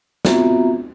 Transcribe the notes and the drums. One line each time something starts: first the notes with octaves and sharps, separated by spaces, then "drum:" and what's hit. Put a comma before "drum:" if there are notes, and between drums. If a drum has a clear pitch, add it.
B3 C4 F4 F#4 E5 A#5, drum: snare